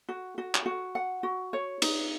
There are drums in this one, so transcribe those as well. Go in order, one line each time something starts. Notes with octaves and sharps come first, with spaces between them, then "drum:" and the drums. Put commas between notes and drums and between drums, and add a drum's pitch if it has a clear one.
F#4
F#4
drum: clap
F#4
F#5
F#4
C#5
D#4, drum: cymbal